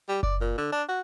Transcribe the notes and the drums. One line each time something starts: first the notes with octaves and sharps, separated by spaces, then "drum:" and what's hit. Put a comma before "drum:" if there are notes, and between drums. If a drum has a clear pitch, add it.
G3
D5, drum: kick F#1
A#2
D3
D4
F#4